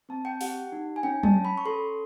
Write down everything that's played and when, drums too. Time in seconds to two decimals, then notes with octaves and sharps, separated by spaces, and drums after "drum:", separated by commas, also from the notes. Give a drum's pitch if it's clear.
0.09 C4 A5
0.25 G5
0.41 G4 F#5, drum: open hi-hat
0.72 D#4
0.96 G#5
1.03 C#4 G5
1.23 A5, drum: tom F#3
1.34 C#4
1.45 B5
1.58 C#6
1.65 A4 C6